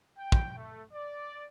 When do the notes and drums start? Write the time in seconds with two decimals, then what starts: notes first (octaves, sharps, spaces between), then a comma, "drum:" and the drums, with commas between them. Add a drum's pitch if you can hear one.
0.17 G5
0.32 drum: kick
0.56 A3
0.92 D5